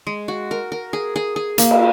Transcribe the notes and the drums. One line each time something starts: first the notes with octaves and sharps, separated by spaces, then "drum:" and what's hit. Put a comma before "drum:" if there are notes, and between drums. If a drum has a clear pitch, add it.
G#3
F#4
A#4
A#4
G#4
G#4
G#4
A#3, drum: hi-hat
drum: cymbal